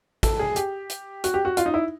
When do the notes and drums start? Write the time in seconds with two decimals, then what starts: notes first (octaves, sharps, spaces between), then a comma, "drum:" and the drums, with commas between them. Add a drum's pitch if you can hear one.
0.23 A4, drum: kick, hi-hat
0.39 G#4
0.56 G4, drum: hi-hat
0.90 drum: hi-hat
1.24 F#4, drum: hi-hat
1.34 G4
1.45 F#4
1.57 F4, drum: hi-hat
1.66 D#4
1.74 E4